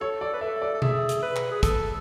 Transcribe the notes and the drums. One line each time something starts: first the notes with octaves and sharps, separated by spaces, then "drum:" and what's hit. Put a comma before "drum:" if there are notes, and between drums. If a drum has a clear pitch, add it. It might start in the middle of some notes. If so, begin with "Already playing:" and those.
A4 C#5
D5
B4
A4 E5
D5
A4
G#4 E5, drum: tom B2
drum: hi-hat
B4
drum: clap
G#4
A4, drum: kick, hi-hat